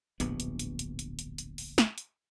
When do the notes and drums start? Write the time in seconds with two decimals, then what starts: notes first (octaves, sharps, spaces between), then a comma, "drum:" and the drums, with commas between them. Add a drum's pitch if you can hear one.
0.20 D1 A#1 G2 B3, drum: hi-hat
0.40 drum: hi-hat
0.59 drum: hi-hat
0.79 drum: hi-hat
0.99 drum: hi-hat
1.19 drum: hi-hat
1.38 drum: hi-hat
1.58 drum: open hi-hat
1.78 drum: snare
1.98 drum: hi-hat